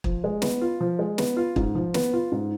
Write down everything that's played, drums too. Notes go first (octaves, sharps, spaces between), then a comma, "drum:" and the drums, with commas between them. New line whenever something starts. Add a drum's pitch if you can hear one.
F3, drum: kick
G#3
B3, drum: snare
F4
F3
G#3
B3, drum: snare
F4
G#2, drum: kick
F3
B3, drum: snare
F4
G#2